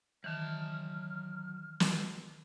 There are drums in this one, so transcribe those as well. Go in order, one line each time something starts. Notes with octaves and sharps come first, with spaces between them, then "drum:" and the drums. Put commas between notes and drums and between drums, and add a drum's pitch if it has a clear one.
D#3 E3 F#3 A5 F6
drum: snare